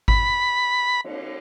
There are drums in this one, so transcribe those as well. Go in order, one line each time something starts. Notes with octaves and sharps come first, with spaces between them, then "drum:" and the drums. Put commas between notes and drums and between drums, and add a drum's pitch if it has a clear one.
B5, drum: kick G#1
drum: cymbal